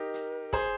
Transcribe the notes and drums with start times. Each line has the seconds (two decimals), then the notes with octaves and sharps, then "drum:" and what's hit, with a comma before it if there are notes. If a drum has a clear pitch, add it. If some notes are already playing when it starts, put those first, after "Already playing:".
Already playing: D#4 G4 A#4
0.14 drum: hi-hat
0.53 G#4 C5, drum: kick